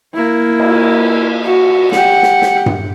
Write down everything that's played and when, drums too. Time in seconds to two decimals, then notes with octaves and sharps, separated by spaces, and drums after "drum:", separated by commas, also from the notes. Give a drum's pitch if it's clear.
0.15 A#3 E4
0.60 drum: cymbal
1.44 F#4
1.92 G4 F#5, drum: snare
2.23 drum: snare
2.42 drum: snare
2.66 drum: tom G2